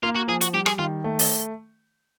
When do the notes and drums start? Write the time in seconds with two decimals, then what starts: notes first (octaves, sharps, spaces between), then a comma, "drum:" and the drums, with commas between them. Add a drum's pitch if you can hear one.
0.03 A#3 F4
0.16 F#4
0.28 F3 G#4
0.41 F#4, drum: hi-hat
0.54 G3 G4
0.66 G#4, drum: rim click
0.79 D#3 F4
1.04 A3
1.19 drum: open hi-hat